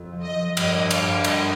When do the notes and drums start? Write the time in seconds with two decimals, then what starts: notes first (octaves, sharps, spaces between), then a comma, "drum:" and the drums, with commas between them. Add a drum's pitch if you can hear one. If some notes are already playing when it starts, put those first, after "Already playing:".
Already playing: F2 C4 F4
0.12 F3
0.23 D#5
0.35 F3
0.57 G2 D#5, drum: cymbal
0.79 G2
0.91 F5, drum: cymbal
1.02 G2
1.24 G2 D#5, drum: cymbal